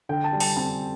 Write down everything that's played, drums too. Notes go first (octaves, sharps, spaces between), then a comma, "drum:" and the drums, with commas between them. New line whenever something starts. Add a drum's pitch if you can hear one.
D3 G5
A5
G3
A5, drum: open hi-hat
C4 A5